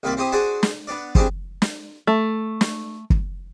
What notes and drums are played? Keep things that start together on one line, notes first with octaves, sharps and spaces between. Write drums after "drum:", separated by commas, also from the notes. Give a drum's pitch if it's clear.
C2 D#3 A#3 F4 D5 E5
C4 E4 G4 C5 D#6
D4 F#4 G#4 C5 D5 G#5
drum: snare
B3 D4 D5
C4 D4 E4 G4 G#4 C5, drum: kick
drum: snare
A3
drum: snare
drum: kick